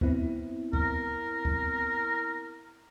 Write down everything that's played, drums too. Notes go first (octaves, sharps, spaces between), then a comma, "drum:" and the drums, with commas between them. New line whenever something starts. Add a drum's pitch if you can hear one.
B3 C4 E4, drum: kick
A#4, drum: kick
drum: kick